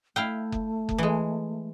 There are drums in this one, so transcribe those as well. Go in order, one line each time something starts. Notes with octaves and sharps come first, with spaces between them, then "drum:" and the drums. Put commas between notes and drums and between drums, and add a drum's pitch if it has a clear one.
A3 E4 F5 G5
drum: kick F#1
drum: kick F#1
E3 G#3